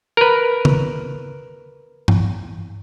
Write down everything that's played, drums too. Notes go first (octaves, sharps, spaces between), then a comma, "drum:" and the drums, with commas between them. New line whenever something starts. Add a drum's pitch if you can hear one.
A#4 B4
drum: tom
drum: tom G2